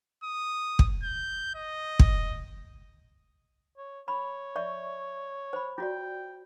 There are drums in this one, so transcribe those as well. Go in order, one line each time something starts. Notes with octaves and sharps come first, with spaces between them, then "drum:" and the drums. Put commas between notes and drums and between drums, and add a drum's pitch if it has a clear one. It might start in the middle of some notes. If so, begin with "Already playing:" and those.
D#6
drum: kick
G6
D#5
drum: kick
C#5
C#5 B5
D5 E5 C#6
C5 B5
F4 F#4 D5 G5